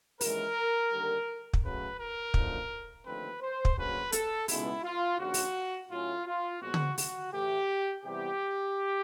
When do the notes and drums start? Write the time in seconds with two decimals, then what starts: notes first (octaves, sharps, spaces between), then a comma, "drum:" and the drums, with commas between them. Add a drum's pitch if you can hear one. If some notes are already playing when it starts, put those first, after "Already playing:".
0.21 D#2 C#3 E3 G#3 A#4, drum: open hi-hat
0.92 D#2 D3 G3
1.53 drum: kick
1.63 C#3 F#3 A3 B4
1.99 A#4
2.34 F#2 D3 F3 A#3 D#4, drum: kick
3.05 D#2 D3 F3 A3 C4 B4
3.41 C5
3.65 drum: kick
3.77 D2 C#3 F#3 A#3 C#4 B4
4.12 A4, drum: hi-hat
4.48 C#2 B2 G#3 B3 D#4 E4, drum: open hi-hat
4.84 F4
5.19 D#2 C#3 F3 A#3 D4 F#4
5.34 drum: open hi-hat
5.90 A2 F#3 A3 C#4 F4
6.26 F4
6.61 A#2 F3 G#3 B3 F#4
6.74 drum: tom
6.98 F#4, drum: open hi-hat
7.33 A2 E3 A3 G4
8.04 C3 E3 G3 B3 G4